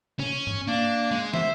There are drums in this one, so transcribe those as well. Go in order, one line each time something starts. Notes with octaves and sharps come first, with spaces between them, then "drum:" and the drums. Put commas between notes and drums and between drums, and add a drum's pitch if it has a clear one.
C#4, drum: tom B2
drum: tom G2
A#3 D4
G#3
C5 E5, drum: snare